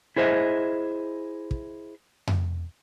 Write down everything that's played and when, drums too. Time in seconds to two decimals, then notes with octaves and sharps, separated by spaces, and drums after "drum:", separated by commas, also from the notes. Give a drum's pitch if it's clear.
0.16 E4 G#4 C5 D#5 E5
1.51 drum: kick
2.27 drum: tom F2